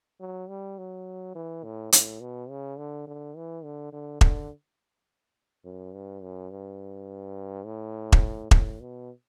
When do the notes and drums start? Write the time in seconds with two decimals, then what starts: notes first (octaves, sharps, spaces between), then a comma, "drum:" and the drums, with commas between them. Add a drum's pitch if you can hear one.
0.20 F#3
0.49 G3
0.78 F#3
1.35 E3
1.64 A2
1.92 A2, drum: hi-hat
2.20 B2
2.50 C#3
2.78 D3
3.07 D3
3.36 E3
3.64 D3
3.93 D3
4.21 D3, drum: kick E1
5.65 F#2
5.94 G2
6.22 F#2
6.51 G2
7.65 A2
8.12 drum: kick E1
8.51 A2, drum: kick E1
8.80 B2